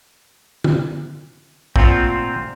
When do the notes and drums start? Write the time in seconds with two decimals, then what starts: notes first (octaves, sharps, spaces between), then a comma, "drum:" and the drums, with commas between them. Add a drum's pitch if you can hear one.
0.64 drum: tom
1.76 A#2 A3 C4 F4 F#5, drum: kick